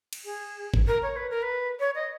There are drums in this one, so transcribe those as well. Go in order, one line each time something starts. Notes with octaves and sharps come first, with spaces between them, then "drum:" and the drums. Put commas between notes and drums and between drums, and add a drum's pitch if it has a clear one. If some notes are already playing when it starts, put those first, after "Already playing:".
drum: cymbal
G#4
drum: kick
A#4
C#5
B4
A#4
B4
C#5
D#5